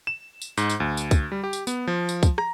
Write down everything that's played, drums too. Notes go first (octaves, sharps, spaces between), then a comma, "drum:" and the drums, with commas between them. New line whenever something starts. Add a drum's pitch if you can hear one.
E7
drum: tambourine
G#2, drum: tambourine
drum: tambourine
D2
drum: tambourine
drum: kick, tambourine
G3
G4
drum: tambourine
B3, drum: tambourine
F3
drum: tambourine
drum: kick, tambourine
A#5, drum: rim click